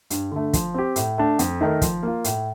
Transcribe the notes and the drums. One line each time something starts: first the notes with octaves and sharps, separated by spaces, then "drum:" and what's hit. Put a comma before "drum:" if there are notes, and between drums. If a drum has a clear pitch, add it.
G2, drum: hi-hat
D3 A3
F3, drum: kick, hi-hat
C4 G4
A2, drum: hi-hat
A3 D4
F2, drum: hi-hat
D#3 A3 D#4 A#4
F3, drum: kick, hi-hat
A#3 F4
A2, drum: hi-hat